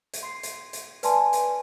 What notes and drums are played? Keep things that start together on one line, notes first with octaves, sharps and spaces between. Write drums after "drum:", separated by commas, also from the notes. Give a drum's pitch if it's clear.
drum: hi-hat
C6 C7
drum: hi-hat
drum: hi-hat
B4 D5 G#5 A5 C6, drum: hi-hat
drum: hi-hat